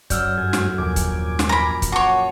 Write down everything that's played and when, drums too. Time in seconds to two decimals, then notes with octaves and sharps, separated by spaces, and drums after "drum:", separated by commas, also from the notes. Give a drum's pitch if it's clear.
0.10 F#2 D5 E6 F6 G6, drum: kick, hi-hat
0.38 G2 F#4 A4 G#5
0.53 drum: snare
0.78 A#1 D#2 G#5 D6 G#6 D7
0.96 drum: kick, hi-hat
1.39 drum: snare
1.49 A#5 B5
1.82 drum: kick, hi-hat
1.92 F#4 C#5 F#5 A5 C#6 D6